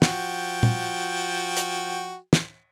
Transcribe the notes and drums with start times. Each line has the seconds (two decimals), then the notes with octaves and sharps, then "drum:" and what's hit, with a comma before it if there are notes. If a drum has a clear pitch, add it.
0.02 F3 F#4 G5, drum: snare
0.63 drum: tom A#2
1.57 drum: hi-hat
2.33 drum: snare